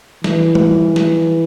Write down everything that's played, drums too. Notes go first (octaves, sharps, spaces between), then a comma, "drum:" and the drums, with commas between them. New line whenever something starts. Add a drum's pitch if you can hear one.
E3, drum: snare
drum: tom G3
drum: snare